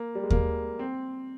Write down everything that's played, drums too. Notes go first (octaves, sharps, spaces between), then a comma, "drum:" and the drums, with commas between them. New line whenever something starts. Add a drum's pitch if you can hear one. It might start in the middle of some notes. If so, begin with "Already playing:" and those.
Already playing: A#3
G3
G#3
A#3, drum: kick D#2
C4